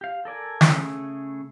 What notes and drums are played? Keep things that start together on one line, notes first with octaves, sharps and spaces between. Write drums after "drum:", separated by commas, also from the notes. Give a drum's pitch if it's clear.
G4 F5
A4 A#4 D5 G#5
C#3 A3 G#4, drum: snare